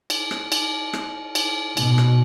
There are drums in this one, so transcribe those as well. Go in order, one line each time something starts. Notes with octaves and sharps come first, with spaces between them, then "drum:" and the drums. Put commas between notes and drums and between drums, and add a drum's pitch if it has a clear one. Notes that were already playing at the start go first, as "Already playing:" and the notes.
drum: cymbal
drum: rim click
drum: cymbal
drum: rim click
drum: cymbal
B2, drum: cymbal
drum: rim click